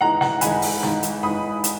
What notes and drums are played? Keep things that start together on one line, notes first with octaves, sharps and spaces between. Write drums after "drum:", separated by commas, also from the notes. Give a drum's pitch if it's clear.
G#1 G#2 E3 G#3 F#5 A#5
F#5 A#5, drum: snare
G#1 G#2 E3 G#3 G#5 B5, drum: hi-hat
drum: open hi-hat
G#1 G#2 E3 G#3, drum: snare
drum: hi-hat
G#1 G#2 E3 G#3 B5 D#6
drum: hi-hat